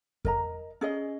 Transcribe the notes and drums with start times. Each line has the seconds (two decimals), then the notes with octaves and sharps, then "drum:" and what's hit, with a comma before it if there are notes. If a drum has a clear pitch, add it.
0.25 A#4 D#5 A#5, drum: kick F2
0.81 C#4 G#4 D#5